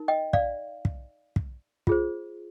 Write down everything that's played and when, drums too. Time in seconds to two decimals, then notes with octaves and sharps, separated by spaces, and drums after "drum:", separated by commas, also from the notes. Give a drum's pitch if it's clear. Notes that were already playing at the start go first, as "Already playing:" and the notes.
Already playing: D#4 A#4
0.08 D#5 G5
0.33 D5 F5, drum: kick
0.85 drum: kick
1.36 drum: kick
1.87 F4 G#4 C5, drum: kick